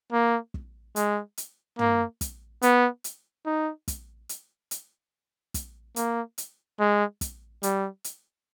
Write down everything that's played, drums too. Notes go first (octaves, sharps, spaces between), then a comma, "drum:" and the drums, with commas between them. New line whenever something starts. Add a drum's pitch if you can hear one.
A#3
drum: kick
G#3, drum: hi-hat
drum: hi-hat
A#3, drum: tom
drum: kick, hi-hat
B3, drum: hi-hat
drum: hi-hat
D#4
drum: kick, hi-hat
drum: hi-hat
drum: hi-hat
drum: kick, hi-hat
A#3, drum: hi-hat
drum: hi-hat
G#3
drum: kick, hi-hat
G3, drum: hi-hat
drum: hi-hat